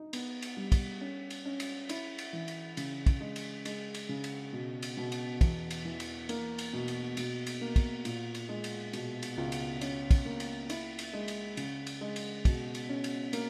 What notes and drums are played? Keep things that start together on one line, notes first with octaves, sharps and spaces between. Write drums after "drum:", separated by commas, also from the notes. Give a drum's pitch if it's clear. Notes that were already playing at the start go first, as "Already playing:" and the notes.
Already playing: D#4
B3, drum: cymbal
drum: cymbal
G3
drum: kick, cymbal
C#4
drum: cymbal
C#4
drum: cymbal
E4, drum: cymbal
drum: cymbal
E3
drum: cymbal
C#3, drum: cymbal
drum: kick, cymbal
G#3
drum: cymbal
G#3, drum: cymbal
drum: cymbal
C#3
drum: cymbal
B2
drum: cymbal
B2
drum: cymbal
E2, drum: kick, cymbal
drum: cymbal
E3
drum: cymbal
A#3, drum: cymbal
drum: cymbal
B2
drum: cymbal
B2, drum: cymbal
drum: cymbal
A#3
drum: kick, cymbal
A#2, drum: cymbal
drum: cymbal
G#3
drum: cymbal
B2, drum: cymbal
drum: cymbal
C#2
drum: cymbal
C#4, drum: cymbal
drum: kick, cymbal
A#3
drum: cymbal
E4, drum: cymbal
drum: cymbal
G#3
drum: cymbal
C#3, drum: cymbal
drum: cymbal
G#3
drum: cymbal
B2, drum: kick, cymbal
drum: cymbal
C#4
drum: cymbal
A#3, drum: cymbal